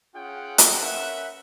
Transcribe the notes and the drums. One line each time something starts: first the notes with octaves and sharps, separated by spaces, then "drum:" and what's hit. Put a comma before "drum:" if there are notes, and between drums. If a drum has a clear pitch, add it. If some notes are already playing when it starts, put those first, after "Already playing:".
C#4 F4 G#4 F#5 G5
drum: hi-hat
C#4 A#4 B4 E5 F#5